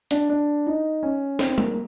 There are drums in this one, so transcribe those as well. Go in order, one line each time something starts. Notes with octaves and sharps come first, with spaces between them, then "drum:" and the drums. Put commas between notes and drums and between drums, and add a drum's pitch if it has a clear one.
D4, drum: hi-hat
D4
D#4
C#4
C4, drum: snare
A#3, drum: tom G3